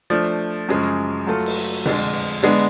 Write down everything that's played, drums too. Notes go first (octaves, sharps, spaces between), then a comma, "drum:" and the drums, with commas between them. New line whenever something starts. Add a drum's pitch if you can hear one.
F3 A3 D4
F#2 C#3 F3 G#3
F#3 A3 F4 A4
drum: cymbal
F2 D3 G#3, drum: tom B2
drum: open hi-hat
D3 G#3 B3 D4